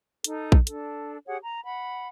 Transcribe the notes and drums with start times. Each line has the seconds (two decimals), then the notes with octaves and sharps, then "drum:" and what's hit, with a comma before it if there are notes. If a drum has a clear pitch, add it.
0.24 D#4 A4, drum: hi-hat
0.52 drum: kick A#1
0.67 D4 A4, drum: hi-hat
1.27 G4 G#4 C#5 F#5
1.43 A#5
1.65 F#5 B5